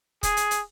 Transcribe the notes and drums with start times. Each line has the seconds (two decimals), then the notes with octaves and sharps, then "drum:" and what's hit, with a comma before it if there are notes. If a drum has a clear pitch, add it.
0.23 G#4, drum: kick, hi-hat
0.37 drum: hi-hat
0.51 drum: hi-hat